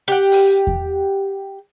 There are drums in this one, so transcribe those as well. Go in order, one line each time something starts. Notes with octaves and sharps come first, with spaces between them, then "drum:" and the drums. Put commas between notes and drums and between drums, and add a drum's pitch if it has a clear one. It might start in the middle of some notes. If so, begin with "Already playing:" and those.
G4 F#5
drum: open hi-hat
drum: kick E2